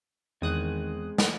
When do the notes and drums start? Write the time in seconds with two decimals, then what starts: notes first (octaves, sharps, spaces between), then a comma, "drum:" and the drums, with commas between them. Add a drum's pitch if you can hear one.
0.42 E2 D#3 G#3 C4 D#6 F#6
1.18 drum: snare